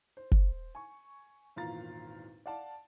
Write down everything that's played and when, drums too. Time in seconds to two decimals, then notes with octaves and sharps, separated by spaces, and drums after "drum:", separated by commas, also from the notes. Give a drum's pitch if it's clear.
0.17 C5
0.32 drum: kick
0.75 G#5 C#6
1.56 G#1 E2 A#2 F5 A#5 A6
2.46 D5 F5 F#5 A5